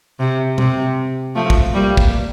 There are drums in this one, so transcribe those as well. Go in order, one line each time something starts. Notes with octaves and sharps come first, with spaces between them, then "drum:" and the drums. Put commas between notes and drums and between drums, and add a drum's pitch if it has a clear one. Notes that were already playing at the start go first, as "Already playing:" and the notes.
C3
C3, drum: tom B2
F3 A3
drum: kick
G3 A#3
drum: kick